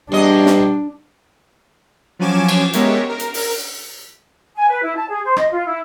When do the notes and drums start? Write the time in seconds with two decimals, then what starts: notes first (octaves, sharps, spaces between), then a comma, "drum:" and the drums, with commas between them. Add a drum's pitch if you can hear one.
0.12 E2 G3 D4 D#5
0.46 drum: snare
2.19 F3 F#3 C#4 G#5 D6 E7
2.49 drum: cymbal
2.73 G#3 B3 G4 A#4 C#5 E5, drum: hi-hat
3.09 A#4
3.20 drum: hi-hat
3.34 drum: open hi-hat
4.56 G#5
4.68 B4
4.82 E4
4.96 A5
5.09 G#4
5.25 C5
5.36 D#5, drum: rim click
5.51 F4
5.66 E4